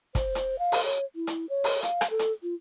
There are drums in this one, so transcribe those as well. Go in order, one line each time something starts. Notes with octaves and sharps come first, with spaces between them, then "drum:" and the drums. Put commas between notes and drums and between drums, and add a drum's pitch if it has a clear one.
C5, drum: kick, hi-hat
drum: hi-hat
F5
drum: open hi-hat
C#5
E4
drum: hi-hat
C#5
drum: open hi-hat
F5, drum: hi-hat
drum: rim click
A4
drum: hi-hat
F4